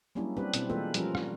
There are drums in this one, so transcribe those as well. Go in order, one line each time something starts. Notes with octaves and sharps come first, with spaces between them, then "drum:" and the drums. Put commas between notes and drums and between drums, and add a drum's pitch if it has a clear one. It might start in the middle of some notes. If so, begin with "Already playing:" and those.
F#3 G3 A#3 C#4 D4 E4
G3 C4 D4 G4 B4
B2 C4 E4, drum: hi-hat
E3 G#3 A#3 F4 A4 B4
F3 G3 C#4 F4 A#4, drum: hi-hat
drum: rim click